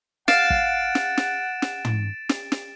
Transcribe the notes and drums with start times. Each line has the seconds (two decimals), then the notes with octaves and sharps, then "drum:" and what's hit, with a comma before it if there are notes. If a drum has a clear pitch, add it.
0.28 F5 F#5 A6 D7 E7, drum: snare
0.50 drum: kick
0.95 drum: snare
1.17 drum: snare
1.62 drum: snare
1.85 drum: tom
2.29 drum: snare
2.52 drum: snare